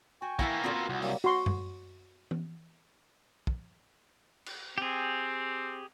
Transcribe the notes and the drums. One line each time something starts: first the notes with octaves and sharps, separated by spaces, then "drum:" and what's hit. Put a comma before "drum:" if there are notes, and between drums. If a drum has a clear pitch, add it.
F#4 G5 G#5 C#6
E3 A#3 B3 E4 F#5, drum: kick
A#2 D3 C4 F4 F#4 D#6
E6
C2 F#5
F#3 G3 A#3, drum: open hi-hat
F#4 C6
drum: tom F#2
drum: tom E3
drum: kick
drum: cymbal
C4 G4 G#4